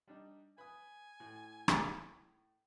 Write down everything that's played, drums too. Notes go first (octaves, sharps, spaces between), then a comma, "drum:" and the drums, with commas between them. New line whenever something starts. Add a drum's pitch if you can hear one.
G3 D4 D#4
B4 G#5 D#6
A2
drum: rim click